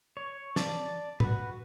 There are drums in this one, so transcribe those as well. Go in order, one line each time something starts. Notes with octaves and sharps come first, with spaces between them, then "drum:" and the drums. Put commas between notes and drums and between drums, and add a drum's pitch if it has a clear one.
C#5
D5 A5, drum: snare
F#4 B4, drum: tom